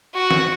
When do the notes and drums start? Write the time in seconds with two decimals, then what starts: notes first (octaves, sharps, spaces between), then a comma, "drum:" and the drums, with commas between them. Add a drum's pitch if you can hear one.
0.14 F#4
0.31 drum: snare